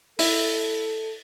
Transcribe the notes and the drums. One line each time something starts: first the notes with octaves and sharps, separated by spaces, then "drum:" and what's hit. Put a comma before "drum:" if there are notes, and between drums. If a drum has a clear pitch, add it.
E4 A4, drum: open hi-hat